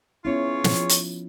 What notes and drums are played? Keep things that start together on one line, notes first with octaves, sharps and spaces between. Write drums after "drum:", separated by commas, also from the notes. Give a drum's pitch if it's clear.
B3 C#4 E4 F4 G#4 C#5
F3, drum: snare
drum: hi-hat